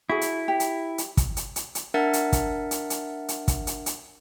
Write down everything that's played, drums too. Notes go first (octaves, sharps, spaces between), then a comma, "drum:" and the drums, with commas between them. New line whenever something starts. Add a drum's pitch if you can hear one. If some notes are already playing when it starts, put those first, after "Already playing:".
E4 F#4 G#4
drum: hi-hat
G4
drum: hi-hat
drum: hi-hat
drum: kick, hi-hat
drum: hi-hat
drum: hi-hat
drum: hi-hat
D4 A#4 E5 F#5 A6
drum: hi-hat
drum: kick, hi-hat
drum: hi-hat
drum: hi-hat
drum: hi-hat
drum: kick, hi-hat
drum: hi-hat
drum: hi-hat